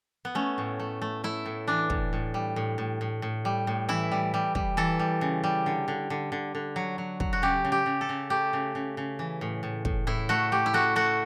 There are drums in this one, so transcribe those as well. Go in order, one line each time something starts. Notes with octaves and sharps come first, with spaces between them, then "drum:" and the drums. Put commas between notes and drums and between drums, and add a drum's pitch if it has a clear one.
B3
A3 C#4
A2
A3
A3
A3 E4
A2
E3 D4
A2, drum: kick
A2
G3
A2
A2
A2
A2
G3
A2
E3 E4
G3
G3
G3, drum: kick
E3 A4
G3
C#3
G3
D3
D3
D3
D3
D3
F#3
F#3
F#3, drum: kick
F#4
C#3 G4
C#3
G4
C#3
A4
C#3
A3 G4
C#3
C#3
C#3
E3
A2
A2
A2, drum: kick
A2 E4
A3 F#4
A3 G4
E4
A3 F#4
A3 F#4